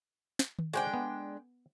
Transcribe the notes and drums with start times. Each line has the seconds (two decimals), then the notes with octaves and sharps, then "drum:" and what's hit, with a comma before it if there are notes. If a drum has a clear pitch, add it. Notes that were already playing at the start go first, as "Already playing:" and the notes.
0.39 drum: snare
0.59 drum: tom D#3
0.73 G#3 D4 F#4 C5 G5 G#5
0.94 B3